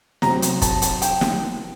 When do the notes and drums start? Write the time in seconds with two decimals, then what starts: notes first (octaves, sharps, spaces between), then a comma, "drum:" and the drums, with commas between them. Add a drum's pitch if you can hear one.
0.22 C3 F#3 C4 A#5, drum: snare
0.42 drum: hi-hat
0.62 A5, drum: kick, hi-hat
0.82 drum: hi-hat
1.02 G5, drum: hi-hat
1.21 drum: snare